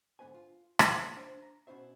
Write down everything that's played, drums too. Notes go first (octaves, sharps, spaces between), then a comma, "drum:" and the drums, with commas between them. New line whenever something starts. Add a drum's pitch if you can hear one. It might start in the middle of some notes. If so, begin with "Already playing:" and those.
G#2 D3 B3 B4 C5 G#5
F4
A#3 D#4 F4 C5 F5, drum: rim click
D4 C5
A#5
B2 B3 C#4 E4 C5 E5